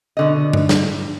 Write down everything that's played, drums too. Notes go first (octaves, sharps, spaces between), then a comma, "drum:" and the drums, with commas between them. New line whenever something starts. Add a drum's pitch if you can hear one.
B2 D3 D#5
drum: tom G2
drum: snare